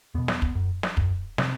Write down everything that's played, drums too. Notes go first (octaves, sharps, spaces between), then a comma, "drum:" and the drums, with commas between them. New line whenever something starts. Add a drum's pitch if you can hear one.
E2 B2 B3
drum: snare
drum: kick
F#2
drum: snare
F#2, drum: kick
C3 C4, drum: snare